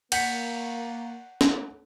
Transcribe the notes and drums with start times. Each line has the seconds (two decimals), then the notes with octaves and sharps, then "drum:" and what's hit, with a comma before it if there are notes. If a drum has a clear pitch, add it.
0.12 A#3 F#5 G6 B6 C#7, drum: cymbal
1.41 drum: snare